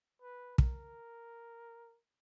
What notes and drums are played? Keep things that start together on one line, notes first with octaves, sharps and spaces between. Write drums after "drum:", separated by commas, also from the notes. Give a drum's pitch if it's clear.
B4
A#4, drum: kick